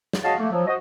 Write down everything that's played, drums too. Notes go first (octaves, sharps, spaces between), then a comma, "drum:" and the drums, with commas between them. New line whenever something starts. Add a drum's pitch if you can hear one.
drum: snare
F#4 G#4 C#5 D#5 F5 A5
A3 A#3
F3 F#3
F#4 C5 D#5